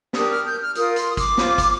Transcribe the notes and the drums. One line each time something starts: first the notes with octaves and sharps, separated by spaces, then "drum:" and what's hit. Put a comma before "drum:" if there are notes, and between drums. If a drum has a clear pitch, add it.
D4 G4 A#4 D#6, drum: snare
F6
G6
F6
F4 A#4 D#6, drum: hi-hat
C6, drum: hi-hat
D#6
D6, drum: kick, hi-hat
F4 C5, drum: snare
drum: kick, hi-hat